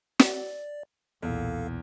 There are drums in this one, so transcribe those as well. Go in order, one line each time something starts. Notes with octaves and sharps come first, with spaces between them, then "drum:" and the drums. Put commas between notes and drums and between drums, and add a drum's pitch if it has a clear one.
D5, drum: snare
B1 E2 A#2 A4 F5